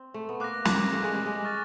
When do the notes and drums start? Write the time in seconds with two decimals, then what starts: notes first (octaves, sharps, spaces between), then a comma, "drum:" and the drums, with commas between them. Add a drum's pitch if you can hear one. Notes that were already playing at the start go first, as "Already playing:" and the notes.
Already playing: C4
0.14 A3
0.29 B3
0.40 A#3 D6 F#6 A#6
0.65 A#3, drum: snare
0.92 A3
1.03 G#3
1.14 G3
1.26 G#3
1.44 C#6 F6 A6